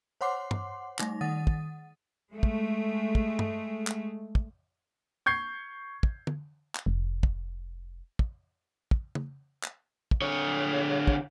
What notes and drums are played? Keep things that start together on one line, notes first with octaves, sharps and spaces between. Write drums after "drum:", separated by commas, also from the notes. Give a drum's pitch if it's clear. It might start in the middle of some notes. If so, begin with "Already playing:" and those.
C5 C#5 F#5 C6 D6 C7
drum: tom
G3 A3 D#4 A#6, drum: clap
D#3 F#5 D#6 A6 D#7
drum: kick
G#3 A3
drum: kick
drum: kick
drum: tom
drum: clap
drum: kick
C#6 G6 G#6 C7
drum: kick
drum: tom
drum: clap
F1
drum: kick
drum: kick
drum: kick
drum: tom
drum: clap
drum: kick
D3 C#5
drum: kick